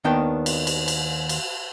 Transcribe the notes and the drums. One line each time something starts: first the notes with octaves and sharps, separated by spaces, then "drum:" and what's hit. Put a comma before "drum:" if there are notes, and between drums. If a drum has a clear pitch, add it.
D#2 D#3 B3 D4 G5
drum: cymbal
drum: cymbal
drum: cymbal
drum: cymbal